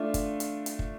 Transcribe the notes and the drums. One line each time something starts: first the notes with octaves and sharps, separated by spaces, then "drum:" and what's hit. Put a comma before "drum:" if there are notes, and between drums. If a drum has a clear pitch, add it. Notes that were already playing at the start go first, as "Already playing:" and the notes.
Already playing: A3 D4 F4
drum: kick, hi-hat
drum: hi-hat
drum: hi-hat
drum: kick